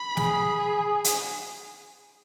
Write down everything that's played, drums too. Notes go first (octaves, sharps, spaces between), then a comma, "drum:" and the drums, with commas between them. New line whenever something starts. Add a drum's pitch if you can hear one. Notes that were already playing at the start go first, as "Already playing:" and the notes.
Already playing: B5
G#4, drum: snare
drum: hi-hat